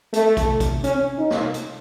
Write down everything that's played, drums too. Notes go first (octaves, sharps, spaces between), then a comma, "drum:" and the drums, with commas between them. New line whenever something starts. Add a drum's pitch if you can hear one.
A3, drum: hi-hat
drum: kick, hi-hat
drum: kick, hi-hat
C#4, drum: hi-hat
D#4
drum: snare
drum: hi-hat